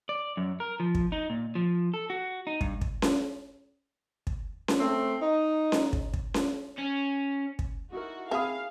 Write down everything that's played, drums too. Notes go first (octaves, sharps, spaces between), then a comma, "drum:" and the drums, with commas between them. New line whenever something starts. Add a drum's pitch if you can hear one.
D5
F#2
A#4
F3
drum: kick
D#4
A#2
F3
A4
F#4
D#4
G2, drum: kick
drum: kick
drum: snare C#4
drum: kick
drum: snare C#4
A3 C4
D#4
drum: snare C#4
drum: kick
drum: kick
drum: snare C#4
C#4
drum: kick
D#4 E4 F#4 A#4
C4 F#4 G#4 E5 F5 B5 D#6